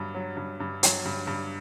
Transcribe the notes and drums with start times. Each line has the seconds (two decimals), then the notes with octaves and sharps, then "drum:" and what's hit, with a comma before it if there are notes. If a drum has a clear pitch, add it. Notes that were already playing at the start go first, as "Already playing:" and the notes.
Already playing: G2 F#3
0.14 F#3
0.37 G2
0.60 G2
0.83 F#3, drum: hi-hat
1.05 G2
1.27 G2